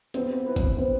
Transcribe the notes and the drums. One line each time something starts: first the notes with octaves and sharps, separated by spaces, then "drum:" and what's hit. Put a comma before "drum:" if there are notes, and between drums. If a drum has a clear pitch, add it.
B3 C4 C5, drum: hi-hat
E4 B4
drum: kick G1, hi-hat
B3 C4 C5